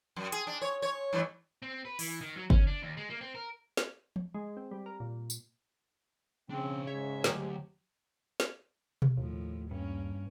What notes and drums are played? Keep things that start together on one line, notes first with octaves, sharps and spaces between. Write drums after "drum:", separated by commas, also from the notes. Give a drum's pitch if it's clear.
F#2
G#4, drum: hi-hat
D4
C#5
C#5
G2 E3 A3
C4
B4
E3, drum: open hi-hat
D#3
F#3
C#4, drum: kick G1
D4
D#2
G#3
A#3
C4
A#4
drum: snare
drum: tom F3
G#3
C4
G3
A#4
A#2
drum: tambourine
C#3 C4 D4 G#4
G#2 C#5 E5
D2 G2 F#3 G4, drum: snare
drum: snare
drum: tom B2
D#2 A2 F3
G2 A#3 C#4